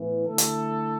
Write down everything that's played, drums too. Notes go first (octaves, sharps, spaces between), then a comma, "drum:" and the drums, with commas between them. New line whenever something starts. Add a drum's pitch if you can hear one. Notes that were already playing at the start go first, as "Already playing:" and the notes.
Already playing: A2 E3 B3
D3 A3 E4 A4
drum: hi-hat